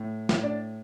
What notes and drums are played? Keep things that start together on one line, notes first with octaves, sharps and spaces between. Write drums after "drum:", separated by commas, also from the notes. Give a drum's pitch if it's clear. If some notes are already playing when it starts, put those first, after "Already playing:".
Already playing: A2
A2, drum: snare
D4 D5